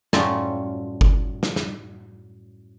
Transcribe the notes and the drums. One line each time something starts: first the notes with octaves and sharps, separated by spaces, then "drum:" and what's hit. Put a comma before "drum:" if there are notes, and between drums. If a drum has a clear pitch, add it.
F#2 A2 G3 A3 C#4 F4, drum: snare
drum: kick G1
drum: snare
drum: snare